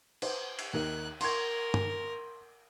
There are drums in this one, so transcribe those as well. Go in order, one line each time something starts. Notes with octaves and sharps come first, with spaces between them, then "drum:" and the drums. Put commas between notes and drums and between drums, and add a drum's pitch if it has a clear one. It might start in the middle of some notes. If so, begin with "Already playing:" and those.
B4 C5, drum: cymbal
drum: cymbal
D#2 D#4 A#4 F#6
A#4 C6 C#6 G#6, drum: cymbal
drum: tom G2